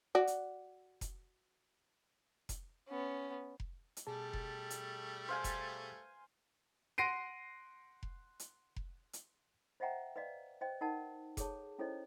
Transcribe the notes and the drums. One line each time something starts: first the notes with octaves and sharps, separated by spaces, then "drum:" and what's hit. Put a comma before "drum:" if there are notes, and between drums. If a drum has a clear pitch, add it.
F#4 D5
drum: hi-hat
drum: kick F1, hi-hat
drum: kick F1, hi-hat
B3 C#4
drum: kick F1
drum: hi-hat
B2 G3 A3 G#4 A5
drum: kick F1
drum: hi-hat
C5 F5 G#5
drum: kick F1, hi-hat
F#5 C6 A#6 C7 D7 D#7
drum: kick F1
drum: hi-hat
drum: kick F1
drum: hi-hat
C5 D#5 E5 F#5 G5 A#5
B4 D5 D#5 F5
C5 D#5 G5
D#4 A#4 D#5 F#5 A5
G#4 A4 C#5 A5, drum: kick F1, hi-hat
C#4 E4 A4 C5 C#5 D#5